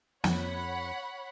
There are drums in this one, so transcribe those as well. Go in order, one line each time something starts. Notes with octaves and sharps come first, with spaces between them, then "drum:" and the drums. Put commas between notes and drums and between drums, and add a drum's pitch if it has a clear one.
F2 C#5 F#5 B5, drum: snare